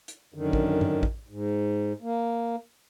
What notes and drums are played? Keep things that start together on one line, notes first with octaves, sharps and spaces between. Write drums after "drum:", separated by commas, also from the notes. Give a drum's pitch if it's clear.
drum: hi-hat
F#2 D3 D#3
drum: kick
drum: tom G2
drum: kick
G#2
A#3